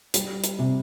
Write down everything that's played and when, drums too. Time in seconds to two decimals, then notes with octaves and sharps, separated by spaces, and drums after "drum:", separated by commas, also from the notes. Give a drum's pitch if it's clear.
0.14 G3, drum: hi-hat
0.44 drum: hi-hat
0.59 C3